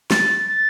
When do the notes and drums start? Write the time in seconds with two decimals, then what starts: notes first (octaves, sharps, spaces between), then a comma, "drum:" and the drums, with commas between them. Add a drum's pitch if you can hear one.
0.11 A6, drum: snare
0.48 A6